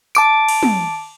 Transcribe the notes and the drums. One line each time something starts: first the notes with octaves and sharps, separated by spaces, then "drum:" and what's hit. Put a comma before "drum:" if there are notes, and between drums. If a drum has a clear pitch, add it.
A5 D6 D7, drum: tambourine
drum: cymbal
drum: tom